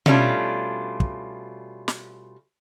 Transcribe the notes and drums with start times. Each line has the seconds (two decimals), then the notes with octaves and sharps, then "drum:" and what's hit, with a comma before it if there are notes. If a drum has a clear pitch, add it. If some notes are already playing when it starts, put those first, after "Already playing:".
0.06 B2 G3 A3 C#4 D4 F4, drum: tom B2
1.00 drum: kick
1.88 drum: snare